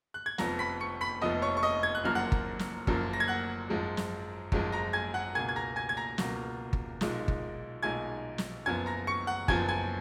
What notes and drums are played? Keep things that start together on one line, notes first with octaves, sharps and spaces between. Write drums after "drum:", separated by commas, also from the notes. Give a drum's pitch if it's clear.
F#6
G#6
F1 F2 F3 B3 A#5 A#6, drum: snare
B5 B6
C#6 C#7
B5 B6
F1 F2 F3 B3 D#5 D#6
C#5 C#6
C#6
D#5 D#6
G#6
F#6
F#1 F#2 F3 A#3 F6
F#5 F#6
drum: kick G1
drum: snare
F#1 F#2 F3 A#3, drum: kick G1
A#6
G#6
F#5 F#6
G#1 F#2 F3 G#3
drum: snare
G#1 F#2 F3 G#3, drum: kick G1
A#5 A#6
G#5 G#6
F#5 F#6
C#2 B2 A#3 G#5 G#6
G#6
A#5 A#6
G#5 G#6
G#6
A#5 A#6
C#2 B2 A#3, drum: snare
drum: kick G1
B1 A#2 G#3 D#4, drum: snare
drum: kick G1
B1 A#2 G#3 D#4 G#5 G#6
drum: snare
F#1 F#2 F3 B3 G#5 G#6
A#5 A#6
C#6 C#7
F#5 F#6
F#1 F#2 F3 B3 G#5 G#6, drum: kick G1
G#5 G#6